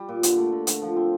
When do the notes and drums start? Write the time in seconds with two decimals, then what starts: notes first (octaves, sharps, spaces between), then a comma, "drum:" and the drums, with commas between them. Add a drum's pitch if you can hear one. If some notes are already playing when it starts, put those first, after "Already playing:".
Already playing: G3
0.09 A#2
0.23 D3, drum: hi-hat
0.38 A3
0.52 D3
0.67 D3, drum: hi-hat
0.82 F3
0.96 C4